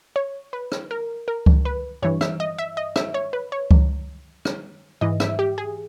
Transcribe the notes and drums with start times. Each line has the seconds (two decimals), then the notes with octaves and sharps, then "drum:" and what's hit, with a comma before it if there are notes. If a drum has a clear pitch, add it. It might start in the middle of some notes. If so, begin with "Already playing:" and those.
0.16 C#5
0.53 B4
0.72 drum: rim click
0.91 A#4
1.28 A#4
1.46 drum: kick C#2
1.65 B4
2.02 G2 E3 C#5
2.21 E5, drum: rim click
2.40 D#5
2.58 E5
2.77 D#5
2.96 E5, drum: rim click
3.14 C#5
3.33 B4
3.52 C#5
3.71 drum: kick C#2
4.45 drum: rim click
5.01 G#2 E3 D#5
5.20 E5, drum: rim click
5.39 G4
5.58 G#4